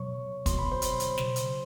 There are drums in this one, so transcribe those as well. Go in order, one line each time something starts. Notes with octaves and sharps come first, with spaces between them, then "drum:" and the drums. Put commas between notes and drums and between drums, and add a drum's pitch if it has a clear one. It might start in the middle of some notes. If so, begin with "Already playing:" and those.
Already playing: B2 F#3 C#5 C#6
B2 F#3 C6, drum: kick, hi-hat
B5
C5 C6
drum: hi-hat
drum: hi-hat
C#3 F#3, drum: snare
drum: hi-hat